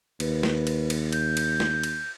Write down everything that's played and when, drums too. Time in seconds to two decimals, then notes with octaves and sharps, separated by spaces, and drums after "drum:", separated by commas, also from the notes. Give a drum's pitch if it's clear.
0.20 D#2 B4, drum: cymbal
0.43 drum: snare
0.67 drum: cymbal
0.90 drum: cymbal
1.12 G6, drum: cymbal
1.37 drum: cymbal
1.60 drum: snare
1.83 drum: cymbal